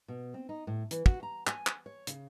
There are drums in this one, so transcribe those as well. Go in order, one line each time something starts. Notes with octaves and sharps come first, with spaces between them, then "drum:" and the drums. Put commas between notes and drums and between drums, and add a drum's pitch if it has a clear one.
B2
C4
D#4
A2
E3, drum: hi-hat
F#4, drum: kick
A#5
G#5, drum: clap
drum: clap
C#5
C#3, drum: hi-hat